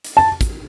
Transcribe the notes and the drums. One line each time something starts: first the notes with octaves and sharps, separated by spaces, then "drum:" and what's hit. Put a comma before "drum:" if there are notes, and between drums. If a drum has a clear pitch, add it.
drum: hi-hat
A5
drum: kick, hi-hat